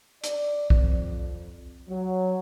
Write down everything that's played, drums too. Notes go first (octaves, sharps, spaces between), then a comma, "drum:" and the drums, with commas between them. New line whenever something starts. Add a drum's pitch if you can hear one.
D5, drum: hi-hat
F2, drum: kick
F#3